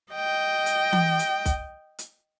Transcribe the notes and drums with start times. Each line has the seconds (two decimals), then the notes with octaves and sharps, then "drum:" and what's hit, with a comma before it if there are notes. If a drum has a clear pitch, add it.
0.13 D#5 G5
0.66 drum: hi-hat
0.93 drum: tom E3
1.19 drum: hi-hat
1.46 drum: kick, hi-hat
1.99 drum: hi-hat